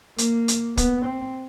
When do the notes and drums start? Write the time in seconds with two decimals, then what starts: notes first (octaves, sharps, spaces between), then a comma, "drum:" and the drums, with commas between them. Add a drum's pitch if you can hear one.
0.18 A#3, drum: hi-hat
0.48 drum: hi-hat
0.77 B3, drum: kick, hi-hat
1.06 C4